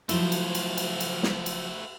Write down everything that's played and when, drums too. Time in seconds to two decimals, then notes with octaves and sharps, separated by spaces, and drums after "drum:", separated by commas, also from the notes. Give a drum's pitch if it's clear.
0.09 F3 F#3 A3 E4 C5, drum: cymbal
0.32 drum: cymbal
0.55 drum: cymbal
0.78 drum: cymbal
1.00 drum: cymbal
1.23 drum: snare
1.46 drum: cymbal